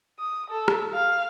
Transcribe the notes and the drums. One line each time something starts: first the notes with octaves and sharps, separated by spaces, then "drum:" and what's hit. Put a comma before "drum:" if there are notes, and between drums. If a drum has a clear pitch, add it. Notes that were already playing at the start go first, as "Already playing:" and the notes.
D#6
A4
drum: rim click
F5